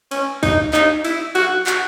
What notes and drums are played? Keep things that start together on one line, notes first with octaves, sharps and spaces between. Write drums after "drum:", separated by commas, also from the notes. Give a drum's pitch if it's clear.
C#4, drum: cymbal
D#4, drum: kick, cymbal
D#4, drum: clap
E4, drum: cymbal
F#4, drum: cymbal
F#4, drum: clap